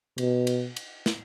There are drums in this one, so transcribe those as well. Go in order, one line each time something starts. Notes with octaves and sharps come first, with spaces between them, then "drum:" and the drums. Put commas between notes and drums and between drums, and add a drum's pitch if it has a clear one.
B2, drum: cymbal
drum: cymbal
drum: cymbal
drum: snare